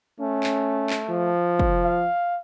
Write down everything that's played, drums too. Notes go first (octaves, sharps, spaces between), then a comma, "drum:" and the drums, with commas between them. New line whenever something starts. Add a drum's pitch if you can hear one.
A3 C#4
drum: clap
drum: clap
F3
drum: kick
F5